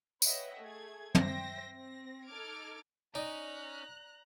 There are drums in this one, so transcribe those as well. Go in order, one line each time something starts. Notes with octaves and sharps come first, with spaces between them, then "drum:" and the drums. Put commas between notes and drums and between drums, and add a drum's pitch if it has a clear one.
B4 C#5 D#5 E5 F#5 G5, drum: tambourine
A3 G#4 G#6
C5 E5 G5 A#6, drum: tom
C4 A#6
D#4 A4 D6 F6 G#6 D7
C#4 D#4 D5 A#5 F#6